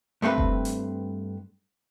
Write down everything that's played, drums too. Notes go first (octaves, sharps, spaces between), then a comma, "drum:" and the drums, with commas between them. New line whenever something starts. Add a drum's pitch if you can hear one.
G2 A3 C4 B4
drum: kick F1
drum: hi-hat